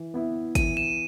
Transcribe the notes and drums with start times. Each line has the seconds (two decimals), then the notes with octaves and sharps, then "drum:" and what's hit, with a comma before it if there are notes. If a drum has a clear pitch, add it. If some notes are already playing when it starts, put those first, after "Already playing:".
Already playing: E3
0.14 B3 E4
0.55 E3 D#7, drum: kick G#1, hi-hat
0.77 E7